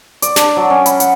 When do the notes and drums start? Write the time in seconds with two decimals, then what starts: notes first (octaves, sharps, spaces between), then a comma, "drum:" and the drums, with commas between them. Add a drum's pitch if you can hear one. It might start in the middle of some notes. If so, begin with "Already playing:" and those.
0.22 D5, drum: hi-hat
0.36 D4, drum: snare
0.56 F#3
0.70 C#4
0.86 B5, drum: hi-hat
1.00 F#5, drum: hi-hat